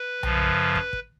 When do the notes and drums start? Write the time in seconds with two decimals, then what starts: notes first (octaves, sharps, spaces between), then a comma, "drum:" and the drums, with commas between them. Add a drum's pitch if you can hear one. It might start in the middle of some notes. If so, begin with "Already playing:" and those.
Already playing: B4
0.23 F#2 C#3 F3, drum: tom B1
0.75 drum: kick
0.93 drum: kick